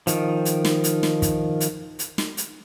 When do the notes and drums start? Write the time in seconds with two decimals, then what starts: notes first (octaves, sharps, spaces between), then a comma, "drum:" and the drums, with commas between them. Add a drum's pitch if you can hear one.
0.07 D#3 F3, drum: hi-hat
0.45 drum: hi-hat
0.65 drum: snare
0.84 drum: hi-hat
1.03 drum: snare
1.22 drum: kick, hi-hat
1.60 drum: hi-hat
1.99 drum: hi-hat
2.18 drum: snare
2.37 drum: hi-hat